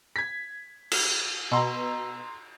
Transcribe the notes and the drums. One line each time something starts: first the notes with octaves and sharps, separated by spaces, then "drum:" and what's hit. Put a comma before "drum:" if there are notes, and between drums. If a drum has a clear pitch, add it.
G#6 B6
drum: cymbal
B2 A#5 C6 E6